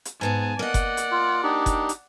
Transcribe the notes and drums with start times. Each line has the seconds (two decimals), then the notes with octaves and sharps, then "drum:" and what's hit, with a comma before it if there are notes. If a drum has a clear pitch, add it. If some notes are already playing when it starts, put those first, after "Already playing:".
0.05 drum: hi-hat
0.21 G#2 B3 G#4 G#5 A5
0.59 A#3 D5 D#5 F#5
0.74 drum: kick F#1, hi-hat
0.97 drum: hi-hat
1.12 F4
1.43 D4 D#4 G4
1.66 drum: kick F#1, hi-hat
1.89 drum: hi-hat